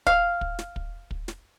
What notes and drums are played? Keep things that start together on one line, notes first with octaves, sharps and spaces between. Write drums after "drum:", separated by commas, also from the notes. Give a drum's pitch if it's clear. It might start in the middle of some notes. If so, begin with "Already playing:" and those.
F5, drum: kick
drum: kick
drum: snare
drum: kick
drum: kick
drum: snare